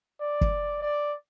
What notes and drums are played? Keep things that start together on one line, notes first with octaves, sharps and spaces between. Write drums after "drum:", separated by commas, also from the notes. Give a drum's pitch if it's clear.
D5
drum: kick
D5